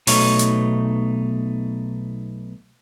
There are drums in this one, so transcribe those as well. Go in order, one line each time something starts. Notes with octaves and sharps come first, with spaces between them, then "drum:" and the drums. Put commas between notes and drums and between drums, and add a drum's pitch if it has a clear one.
B1 B2 A3 D#4 C#5, drum: open hi-hat
drum: hi-hat